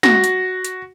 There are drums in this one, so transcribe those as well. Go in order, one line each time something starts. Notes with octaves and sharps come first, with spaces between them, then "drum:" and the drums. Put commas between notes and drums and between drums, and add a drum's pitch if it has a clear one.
F#4 A#6, drum: snare
drum: hi-hat
drum: hi-hat